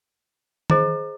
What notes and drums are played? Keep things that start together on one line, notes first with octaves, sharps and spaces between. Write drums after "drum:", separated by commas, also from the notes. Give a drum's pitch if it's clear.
G#4 C5 D#5 A#5, drum: tom D#3